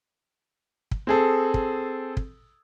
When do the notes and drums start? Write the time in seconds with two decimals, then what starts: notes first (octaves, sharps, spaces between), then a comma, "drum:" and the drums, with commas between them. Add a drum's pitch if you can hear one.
0.91 drum: kick
1.07 C4 G#4 A4
1.54 drum: kick
2.17 drum: kick